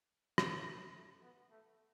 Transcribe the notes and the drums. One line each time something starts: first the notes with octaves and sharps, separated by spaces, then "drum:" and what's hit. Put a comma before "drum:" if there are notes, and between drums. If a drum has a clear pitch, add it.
A3, drum: rim click
A3
A3
B3
A3